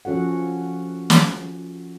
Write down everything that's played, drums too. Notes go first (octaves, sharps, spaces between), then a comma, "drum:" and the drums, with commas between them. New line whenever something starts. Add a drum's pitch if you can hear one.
F3 C#4 F#4 A4 F#5
drum: snare